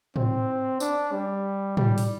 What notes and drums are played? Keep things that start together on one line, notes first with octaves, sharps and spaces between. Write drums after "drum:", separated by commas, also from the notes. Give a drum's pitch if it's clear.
C4, drum: tom
D4, drum: tambourine
G3
G3, drum: tom
drum: open hi-hat